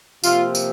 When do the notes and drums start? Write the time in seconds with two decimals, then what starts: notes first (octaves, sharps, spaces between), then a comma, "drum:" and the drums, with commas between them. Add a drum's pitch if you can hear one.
0.24 C3 F3 A#3 F4, drum: tambourine
0.55 drum: tambourine